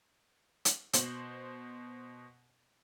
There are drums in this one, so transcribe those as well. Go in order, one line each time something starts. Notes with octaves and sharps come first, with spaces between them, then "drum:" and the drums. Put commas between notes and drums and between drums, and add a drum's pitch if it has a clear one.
drum: hi-hat
B2 C5 F#7, drum: hi-hat